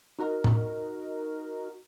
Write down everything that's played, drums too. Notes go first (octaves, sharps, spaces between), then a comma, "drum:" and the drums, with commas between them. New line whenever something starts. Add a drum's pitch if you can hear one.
D#4 F#4 A#4
drum: tom A2